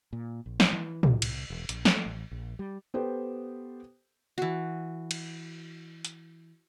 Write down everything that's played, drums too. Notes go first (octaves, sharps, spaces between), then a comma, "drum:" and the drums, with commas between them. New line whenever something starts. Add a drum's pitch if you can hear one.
A#2
A#1
drum: snare
E3
C#2, drum: tom
C2, drum: cymbal
E1
A#1, drum: hi-hat
A3, drum: snare
A1
A#1
G3
B3 G4 A4 C5 G5
E3 F#4
drum: cymbal
drum: hi-hat